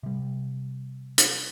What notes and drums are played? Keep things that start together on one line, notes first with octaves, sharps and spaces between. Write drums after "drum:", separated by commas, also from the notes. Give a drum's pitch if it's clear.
C3 G3
drum: hi-hat